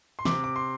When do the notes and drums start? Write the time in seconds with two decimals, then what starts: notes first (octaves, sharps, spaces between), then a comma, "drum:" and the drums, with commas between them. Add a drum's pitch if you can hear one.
0.19 C6
0.25 C3 D6, drum: snare
0.44 D6
0.56 C6